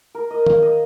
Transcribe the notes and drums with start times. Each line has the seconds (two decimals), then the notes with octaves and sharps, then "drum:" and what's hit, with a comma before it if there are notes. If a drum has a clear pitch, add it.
0.15 A#4
0.31 D#5
0.46 F5, drum: tom D#3
0.62 D#5